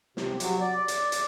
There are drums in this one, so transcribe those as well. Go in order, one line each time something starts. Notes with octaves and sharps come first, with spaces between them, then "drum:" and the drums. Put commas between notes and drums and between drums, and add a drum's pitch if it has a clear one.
C3, drum: snare
F#3, drum: hi-hat
D5
drum: hi-hat
drum: hi-hat